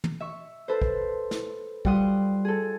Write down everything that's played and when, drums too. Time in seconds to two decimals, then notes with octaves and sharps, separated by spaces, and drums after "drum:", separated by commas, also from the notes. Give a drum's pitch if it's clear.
0.04 drum: tom
0.20 E5 C#6
0.68 A4 B4 C5
0.82 drum: kick
1.31 drum: snare
1.85 G3 F4 F#5 C6 D#6, drum: kick
2.45 G#4 A4